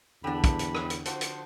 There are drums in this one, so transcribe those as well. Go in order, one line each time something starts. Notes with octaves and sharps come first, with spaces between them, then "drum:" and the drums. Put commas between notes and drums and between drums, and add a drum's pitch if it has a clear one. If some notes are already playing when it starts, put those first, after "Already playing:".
E2 D3 D4 G4 F#5 B5
drum: kick, hi-hat
drum: hi-hat
drum: rim click
drum: hi-hat
F3 F#4 C5, drum: hi-hat
drum: hi-hat